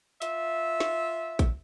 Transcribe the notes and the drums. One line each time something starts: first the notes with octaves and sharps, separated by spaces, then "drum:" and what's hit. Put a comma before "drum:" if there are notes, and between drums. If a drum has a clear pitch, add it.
F4 E5, drum: hi-hat
drum: snare
drum: kick, hi-hat